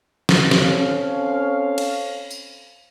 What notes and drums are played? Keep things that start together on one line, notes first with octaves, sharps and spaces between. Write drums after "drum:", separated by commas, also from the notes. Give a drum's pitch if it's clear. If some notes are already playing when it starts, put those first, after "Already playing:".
drum: snare
C4 C#4 A4 F5, drum: snare
drum: cymbal
drum: tambourine